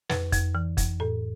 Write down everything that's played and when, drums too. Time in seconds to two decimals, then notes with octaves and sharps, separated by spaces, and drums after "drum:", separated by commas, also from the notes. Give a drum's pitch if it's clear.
0.10 F2 B4, drum: snare
0.32 F2, drum: kick, hi-hat
0.55 E3
0.77 F2, drum: kick, hi-hat
1.00 A2 A4